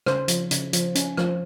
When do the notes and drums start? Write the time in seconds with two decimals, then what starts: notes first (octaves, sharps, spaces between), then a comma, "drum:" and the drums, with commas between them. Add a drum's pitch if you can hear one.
0.06 C#3 C5, drum: rim click
0.28 F3, drum: hi-hat
0.51 C#3, drum: hi-hat
0.73 F3, drum: hi-hat
0.95 C#4, drum: hi-hat
1.17 F3, drum: rim click